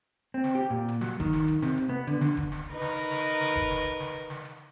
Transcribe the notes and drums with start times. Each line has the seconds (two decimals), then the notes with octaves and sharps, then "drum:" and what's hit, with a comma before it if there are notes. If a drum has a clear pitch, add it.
0.34 C4
0.44 drum: snare
0.55 G4
0.70 A#2
0.88 drum: hi-hat
1.01 F#3, drum: snare
1.20 D#3, drum: kick E1, hi-hat
1.33 drum: snare
1.48 drum: hi-hat
1.62 C3, drum: snare
1.78 drum: hi-hat
1.89 B3
2.07 D3, drum: hi-hat
2.21 D3, drum: snare
2.37 drum: kick E1, hi-hat
2.52 drum: snare
2.70 D#4 A#4 B4
2.82 drum: snare
2.96 drum: hi-hat
3.11 drum: snare
3.26 drum: hi-hat
3.41 drum: snare
3.56 drum: kick E1, hi-hat
3.71 drum: snare
3.85 drum: hi-hat
4.00 drum: snare
4.15 drum: hi-hat
4.30 drum: snare
4.45 drum: hi-hat